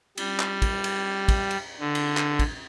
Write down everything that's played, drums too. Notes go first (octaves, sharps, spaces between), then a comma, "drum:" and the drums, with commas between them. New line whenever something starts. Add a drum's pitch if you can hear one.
G3, drum: cymbal
drum: clap
drum: kick, cymbal
drum: cymbal
drum: kick, cymbal
drum: cymbal
D3
drum: cymbal
drum: clap
drum: kick, cymbal